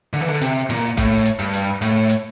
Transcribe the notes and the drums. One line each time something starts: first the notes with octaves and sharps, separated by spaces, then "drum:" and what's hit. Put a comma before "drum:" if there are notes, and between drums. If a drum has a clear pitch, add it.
D3
E3
D3
C3, drum: hi-hat
A#2, drum: snare
A2, drum: kick F#1, hi-hat
drum: hi-hat
G2
drum: hi-hat
A2, drum: hi-hat
drum: hi-hat